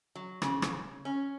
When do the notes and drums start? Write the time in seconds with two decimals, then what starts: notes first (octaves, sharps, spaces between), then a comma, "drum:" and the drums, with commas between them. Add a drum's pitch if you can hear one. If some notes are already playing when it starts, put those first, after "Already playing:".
0.15 F#3
0.42 C#3, drum: rim click
0.62 drum: rim click
1.05 C#4